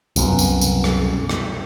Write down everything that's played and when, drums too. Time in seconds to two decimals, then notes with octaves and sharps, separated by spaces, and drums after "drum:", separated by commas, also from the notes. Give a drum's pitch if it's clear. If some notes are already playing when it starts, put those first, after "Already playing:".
0.16 C2 F#2 B2, drum: tambourine
0.39 drum: tambourine
0.61 drum: tambourine
0.84 drum: rim click
1.29 drum: rim click